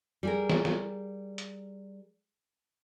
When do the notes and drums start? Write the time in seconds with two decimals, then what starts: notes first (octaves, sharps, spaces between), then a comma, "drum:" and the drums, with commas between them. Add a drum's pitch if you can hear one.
0.23 G3 G#4 A#4
0.50 drum: snare
0.65 drum: snare
1.38 drum: hi-hat